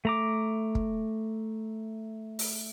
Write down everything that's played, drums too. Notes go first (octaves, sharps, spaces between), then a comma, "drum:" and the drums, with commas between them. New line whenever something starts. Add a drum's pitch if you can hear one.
A3 A#5 D6
drum: kick
drum: open hi-hat